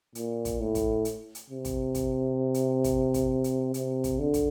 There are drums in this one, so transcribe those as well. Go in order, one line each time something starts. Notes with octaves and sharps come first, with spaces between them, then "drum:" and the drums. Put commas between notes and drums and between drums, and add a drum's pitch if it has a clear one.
A#2, drum: hi-hat
drum: kick, hi-hat
A2
drum: kick, hi-hat
drum: hi-hat
drum: hi-hat
C3
drum: kick, hi-hat
drum: kick, hi-hat
drum: hi-hat
drum: kick, hi-hat
drum: kick, hi-hat
drum: hi-hat
C3, drum: hi-hat
drum: kick, hi-hat
D3
drum: kick, hi-hat